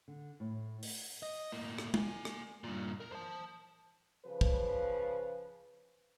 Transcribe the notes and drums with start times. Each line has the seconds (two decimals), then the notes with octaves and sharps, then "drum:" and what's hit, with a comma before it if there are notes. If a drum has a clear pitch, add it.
0.08 D3
0.40 A2
0.83 drum: open hi-hat
1.23 D#5
1.52 A2 A#3
1.78 drum: rim click
1.94 A#3 G#5, drum: tom
2.25 drum: rim click
2.64 G2 A#2
3.00 A#4
3.12 C5 A5
4.26 C#3 F3 B4
4.41 drum: kick